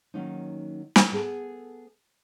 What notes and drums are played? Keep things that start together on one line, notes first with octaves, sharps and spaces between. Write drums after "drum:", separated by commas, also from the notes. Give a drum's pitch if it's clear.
D#3 F#3 A#3 C#4 D#4
drum: snare
B3 G#4 A4 A5